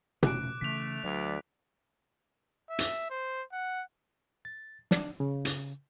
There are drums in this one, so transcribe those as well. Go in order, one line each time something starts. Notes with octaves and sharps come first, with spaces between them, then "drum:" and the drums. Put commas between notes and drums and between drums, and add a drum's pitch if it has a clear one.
F1 A3 C#4 D6 F#6 D7, drum: tom B2
C#3 E3 A3 B6 F7
D2 F#3 D5
E5
drum: hi-hat
C5
F#5
A6
D4, drum: snare
C#3
drum: hi-hat